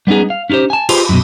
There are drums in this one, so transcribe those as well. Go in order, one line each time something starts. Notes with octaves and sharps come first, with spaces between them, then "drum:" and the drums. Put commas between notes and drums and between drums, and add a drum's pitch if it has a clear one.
G3 B3 C#4 D#4 G#4
F5
C#4 D#4 F4 G4 C5
G#5 A5
F4 G4 G#4 B4 C5, drum: cymbal
F#2 B2